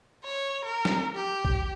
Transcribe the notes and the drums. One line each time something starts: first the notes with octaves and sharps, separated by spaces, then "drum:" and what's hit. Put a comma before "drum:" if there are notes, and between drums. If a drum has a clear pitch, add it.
C#5
A#4
drum: snare
G4
drum: kick